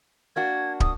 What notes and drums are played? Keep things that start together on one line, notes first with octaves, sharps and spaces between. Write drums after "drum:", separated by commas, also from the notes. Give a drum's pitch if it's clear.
A#3 D4 F#4 G#6
D#6, drum: kick